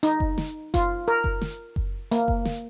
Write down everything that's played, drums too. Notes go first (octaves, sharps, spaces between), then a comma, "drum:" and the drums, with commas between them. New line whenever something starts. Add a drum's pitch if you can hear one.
D#4, drum: hi-hat
drum: kick F#1
drum: snare
F4, drum: kick F#1, hi-hat
A#4
drum: kick F#1
drum: snare
drum: kick F#1
A#3, drum: hi-hat
drum: kick F#1
drum: snare